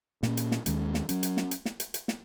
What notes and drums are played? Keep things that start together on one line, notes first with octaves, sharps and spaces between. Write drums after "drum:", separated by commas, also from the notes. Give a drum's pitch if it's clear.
A#2 A#3 C#4, drum: snare
drum: hi-hat
drum: snare
D#2 D#3 G#3 C#4, drum: hi-hat
drum: snare
F#3 C#4, drum: hi-hat
drum: hi-hat
drum: snare
drum: hi-hat
drum: snare
drum: hi-hat
drum: hi-hat
drum: snare